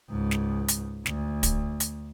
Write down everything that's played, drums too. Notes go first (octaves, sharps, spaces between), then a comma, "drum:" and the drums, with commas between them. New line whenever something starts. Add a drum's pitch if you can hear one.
C#2 G#2
drum: snare
drum: hi-hat
D2, drum: snare
drum: kick, hi-hat
drum: hi-hat